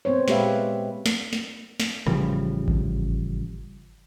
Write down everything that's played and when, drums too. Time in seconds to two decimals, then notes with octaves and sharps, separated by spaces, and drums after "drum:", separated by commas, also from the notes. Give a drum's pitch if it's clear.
0.05 B3 C4 C5 C#5
0.28 A#2 G#3 G4 B4 E5 F5, drum: snare
1.06 drum: snare
1.33 drum: snare
1.80 drum: snare
2.07 A1 C#3 F3 G3, drum: rim click
2.68 drum: kick G#1